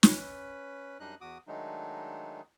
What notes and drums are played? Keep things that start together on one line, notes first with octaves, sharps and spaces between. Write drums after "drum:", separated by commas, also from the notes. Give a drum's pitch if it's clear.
C#4 B4, drum: snare
F#2 G3 D4 D#4 D#5 F#6
E2 F#4 D6 D#6
D#3 F#3 G#3 A3 D4 D#4